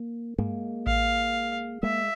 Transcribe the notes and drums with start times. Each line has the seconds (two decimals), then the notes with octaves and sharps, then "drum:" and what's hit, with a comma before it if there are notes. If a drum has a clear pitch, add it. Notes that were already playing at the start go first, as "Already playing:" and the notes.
Already playing: A#3
0.39 G#3 A#3, drum: tom G2
0.87 F5, drum: kick A1
1.83 G#3 A#3 E5